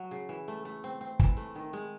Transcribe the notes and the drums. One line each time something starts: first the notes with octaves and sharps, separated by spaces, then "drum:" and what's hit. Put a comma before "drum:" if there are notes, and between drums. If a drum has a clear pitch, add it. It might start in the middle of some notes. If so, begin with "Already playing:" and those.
Already playing: F#3
C#3
E3
A3
A3
C4
C4
E3, drum: kick
A3
D#3
G#3